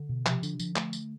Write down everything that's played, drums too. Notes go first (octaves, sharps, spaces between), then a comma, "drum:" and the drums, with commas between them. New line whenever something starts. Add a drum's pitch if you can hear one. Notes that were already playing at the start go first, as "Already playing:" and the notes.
Already playing: D3
B2
C3 F3, drum: clap
D3 D4, drum: tambourine
C3
F3, drum: tambourine
D3
A3, drum: clap
drum: tambourine